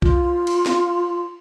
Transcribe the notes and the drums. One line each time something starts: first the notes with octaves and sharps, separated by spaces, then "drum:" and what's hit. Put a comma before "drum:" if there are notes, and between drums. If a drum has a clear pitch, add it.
F4, drum: kick
drum: cymbal
drum: snare